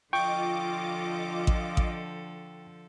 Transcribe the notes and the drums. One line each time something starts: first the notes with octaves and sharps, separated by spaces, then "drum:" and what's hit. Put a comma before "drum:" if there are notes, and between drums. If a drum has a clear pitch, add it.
D3 F3 F4 A4 D#5 G5 C#6 D6
drum: kick A1
drum: kick A1